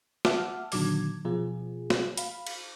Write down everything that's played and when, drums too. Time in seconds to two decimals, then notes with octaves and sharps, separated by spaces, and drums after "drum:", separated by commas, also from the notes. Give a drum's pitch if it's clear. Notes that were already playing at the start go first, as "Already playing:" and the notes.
0.25 E5 F#5 A5 D6 E6 F6, drum: snare
0.72 A#2 D3 D#3 F#3 D6 G#6, drum: open hi-hat
1.25 B2 F3 F4 G#4
1.90 drum: snare
2.17 F5 B5, drum: hi-hat
2.47 drum: cymbal